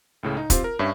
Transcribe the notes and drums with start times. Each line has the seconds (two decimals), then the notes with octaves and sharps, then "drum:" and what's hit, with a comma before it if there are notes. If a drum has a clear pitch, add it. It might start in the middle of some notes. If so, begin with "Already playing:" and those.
0.23 C#2 A2 C#3
0.37 D#4
0.50 C4 F4 G4 C5, drum: kick, hi-hat
0.64 A#4
0.79 G2 C#4 C#5 E5